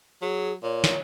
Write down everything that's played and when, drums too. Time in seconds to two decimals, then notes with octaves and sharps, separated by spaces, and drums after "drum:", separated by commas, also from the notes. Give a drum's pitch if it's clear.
0.22 F#3 G#4
0.63 A#2 C#5
0.84 drum: snare